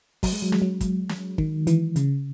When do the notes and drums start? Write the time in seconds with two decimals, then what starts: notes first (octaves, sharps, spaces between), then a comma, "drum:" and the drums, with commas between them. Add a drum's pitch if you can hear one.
0.23 F#3, drum: kick, open hi-hat
0.33 G#3
0.42 F#3
0.52 G#3, drum: snare
0.62 F#3
0.81 drum: kick, hi-hat
1.09 drum: snare
1.38 D#3, drum: kick
1.67 E3, drum: hi-hat
1.96 C#3, drum: hi-hat